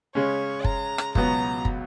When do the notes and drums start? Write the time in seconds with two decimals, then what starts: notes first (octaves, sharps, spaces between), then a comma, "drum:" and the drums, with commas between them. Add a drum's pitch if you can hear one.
0.15 C#3 G#3 C#4 C#5
0.64 A#5, drum: kick
0.98 drum: rim click
1.15 C#2 B2 F#3 B3 A#5, drum: kick
1.65 drum: kick